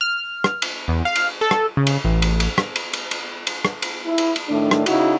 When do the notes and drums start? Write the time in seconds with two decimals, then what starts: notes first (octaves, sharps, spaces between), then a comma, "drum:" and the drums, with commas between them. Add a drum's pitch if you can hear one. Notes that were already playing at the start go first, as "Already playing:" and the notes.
0.01 F6
0.44 drum: rim click
0.62 drum: cymbal
0.88 E2
1.05 F5
1.15 drum: cymbal
1.41 A4
1.51 drum: rim click
1.77 C#3
1.87 drum: cymbal
2.04 A1
2.22 drum: cymbal
2.40 drum: cymbal
2.58 drum: rim click
2.76 drum: cymbal
2.93 drum: cymbal
3.11 drum: cymbal
3.47 drum: cymbal
3.65 drum: rim click
3.82 drum: cymbal
4.04 E4
4.18 drum: cymbal
4.36 drum: cymbal
4.48 A2 D#3 A3 D4
4.71 drum: rim click
4.86 C#3 D#4 E4 F#4, drum: cymbal